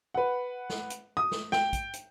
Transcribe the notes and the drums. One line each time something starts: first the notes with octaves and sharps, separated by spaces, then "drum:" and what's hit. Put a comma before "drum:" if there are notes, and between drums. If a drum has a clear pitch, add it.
B4 F#5
drum: snare
drum: hi-hat
D#6
drum: snare
G5, drum: snare
drum: kick, hi-hat
drum: hi-hat